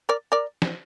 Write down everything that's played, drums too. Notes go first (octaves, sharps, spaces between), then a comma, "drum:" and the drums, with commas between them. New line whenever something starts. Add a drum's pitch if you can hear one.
A#4 D5
A#4 D5
drum: snare